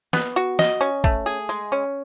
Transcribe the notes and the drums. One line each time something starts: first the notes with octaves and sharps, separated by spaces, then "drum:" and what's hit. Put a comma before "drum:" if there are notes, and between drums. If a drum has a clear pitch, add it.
B3, drum: snare
F#4
D#5, drum: snare
C#4
A3, drum: kick
G#4
G#3
C#4